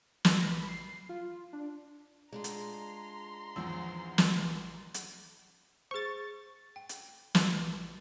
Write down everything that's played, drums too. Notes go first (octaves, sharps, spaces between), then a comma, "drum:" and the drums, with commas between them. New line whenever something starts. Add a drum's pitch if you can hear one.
A#6, drum: snare
B5
C7
F4
D4
G#3 D4 F4 A#5 C6
drum: hi-hat
G#1 E2 F3
drum: snare
drum: hi-hat
G#4 C5 C#6 A6
G5
drum: hi-hat
F3, drum: snare